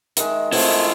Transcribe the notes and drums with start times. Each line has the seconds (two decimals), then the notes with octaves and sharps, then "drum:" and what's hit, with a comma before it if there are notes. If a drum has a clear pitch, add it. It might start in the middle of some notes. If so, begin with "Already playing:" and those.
0.17 D#3 G#3 E5, drum: hi-hat
0.52 A3 B3 C4 E4 F4, drum: open hi-hat